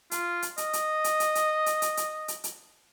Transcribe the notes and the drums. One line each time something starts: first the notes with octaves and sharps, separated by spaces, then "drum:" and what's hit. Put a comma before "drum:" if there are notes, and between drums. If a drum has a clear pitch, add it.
F4, drum: hi-hat
drum: hi-hat
D#5, drum: hi-hat
drum: hi-hat
drum: hi-hat
drum: hi-hat
drum: hi-hat
drum: hi-hat
drum: hi-hat
drum: hi-hat
drum: hi-hat
drum: hi-hat